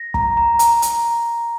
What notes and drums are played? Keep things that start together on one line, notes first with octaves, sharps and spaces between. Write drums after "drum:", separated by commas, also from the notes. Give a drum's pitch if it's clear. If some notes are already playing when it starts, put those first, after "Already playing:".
Already playing: A#6
A#5, drum: kick
A#5
A#5, drum: hi-hat
A#5, drum: hi-hat